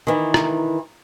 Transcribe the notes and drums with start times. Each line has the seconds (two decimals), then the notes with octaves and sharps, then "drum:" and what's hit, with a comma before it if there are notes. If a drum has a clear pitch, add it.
0.07 D#3 E3
0.34 drum: rim click